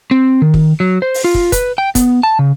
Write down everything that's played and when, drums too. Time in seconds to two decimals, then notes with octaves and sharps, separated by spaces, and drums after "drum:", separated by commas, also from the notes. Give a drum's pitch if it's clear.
0.11 C4
0.42 D#3
0.54 drum: kick
0.80 F#3
1.02 C5
1.14 drum: open hi-hat
1.24 F4
1.35 drum: kick
1.52 B4, drum: kick, hi-hat
1.78 G5
1.95 B3, drum: kick, hi-hat
2.23 A5
2.39 C#3